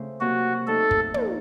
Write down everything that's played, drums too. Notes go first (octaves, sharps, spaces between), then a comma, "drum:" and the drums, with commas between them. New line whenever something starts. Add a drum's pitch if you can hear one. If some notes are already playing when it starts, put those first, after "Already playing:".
Already playing: C#3 A3 C4 F4 C5
C3 F#3 A#3 F#4
F#3 A3 D#4 A4
drum: kick
F3 A#3 D#4 A#4 C#5, drum: tom